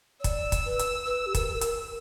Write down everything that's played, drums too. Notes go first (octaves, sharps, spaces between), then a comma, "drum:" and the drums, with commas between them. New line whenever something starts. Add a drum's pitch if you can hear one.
C#5
D5 E6, drum: kick, hi-hat
drum: kick, hi-hat
B4
drum: hi-hat
B4
G4
A#4, drum: kick, hi-hat
A#4, drum: hi-hat